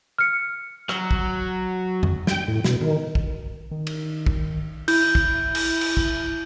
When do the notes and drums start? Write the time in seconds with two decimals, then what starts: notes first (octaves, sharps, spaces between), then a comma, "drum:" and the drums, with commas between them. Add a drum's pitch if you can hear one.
0.18 F6 C#7
0.89 F#3, drum: rim click
1.11 drum: kick
2.03 drum: tom F2
2.27 G5, drum: snare
2.48 A2
2.64 B2, drum: snare
2.81 D#3
3.15 drum: kick
3.71 D#3
3.87 drum: cymbal
4.26 drum: kick
4.88 E4 G6, drum: cymbal
5.15 drum: kick
5.55 drum: cymbal
5.81 drum: cymbal
5.97 drum: kick